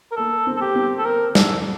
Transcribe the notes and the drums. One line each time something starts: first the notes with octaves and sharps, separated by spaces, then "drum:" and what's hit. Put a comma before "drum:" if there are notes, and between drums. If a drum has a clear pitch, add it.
A#4
A#3 A4
C4
A4
G4
C4
A4
A#4
A4, drum: snare